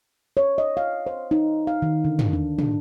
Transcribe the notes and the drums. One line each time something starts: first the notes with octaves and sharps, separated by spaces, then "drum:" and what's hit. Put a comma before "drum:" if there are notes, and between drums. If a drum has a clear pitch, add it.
C#5
D#5
F5
C5
D#4
F5
D#3
D3
drum: tom
D4
D4, drum: tom